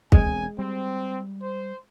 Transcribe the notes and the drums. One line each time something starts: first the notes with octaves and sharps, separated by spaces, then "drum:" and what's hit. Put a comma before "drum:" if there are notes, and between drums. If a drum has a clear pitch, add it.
E1 G#3 C4 G#5, drum: kick
G3 C4
C5